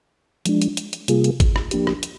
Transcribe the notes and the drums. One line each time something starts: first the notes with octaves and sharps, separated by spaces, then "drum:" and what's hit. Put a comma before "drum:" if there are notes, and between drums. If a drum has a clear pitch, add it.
F3 G#3 D4, drum: hi-hat
drum: hi-hat
drum: hi-hat
drum: hi-hat
C3 G3 A#3 F4 G#4, drum: hi-hat
drum: hi-hat
drum: kick, hi-hat
drum: rim click
F3 A#3 D4 G4, drum: hi-hat
drum: rim click
drum: hi-hat